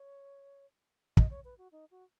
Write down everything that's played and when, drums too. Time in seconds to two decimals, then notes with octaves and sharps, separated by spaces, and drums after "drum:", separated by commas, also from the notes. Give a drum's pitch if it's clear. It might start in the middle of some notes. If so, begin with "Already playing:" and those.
Already playing: C#5
1.17 D#5, drum: kick
1.30 C#5
1.45 B4
1.58 F#4
1.72 D#4
1.91 F#4